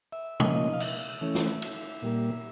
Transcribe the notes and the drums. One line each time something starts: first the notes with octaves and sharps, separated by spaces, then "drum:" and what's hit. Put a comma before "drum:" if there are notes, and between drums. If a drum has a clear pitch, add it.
E5
C#3 F3 A#3 D#4 D#5, drum: tom
F5
E5, drum: cymbal
E3 A3 C#4
drum: snare
drum: cymbal
A#2 G3 A#3